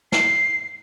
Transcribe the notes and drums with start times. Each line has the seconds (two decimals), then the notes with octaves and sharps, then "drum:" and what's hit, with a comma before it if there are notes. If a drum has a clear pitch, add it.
0.12 C7, drum: snare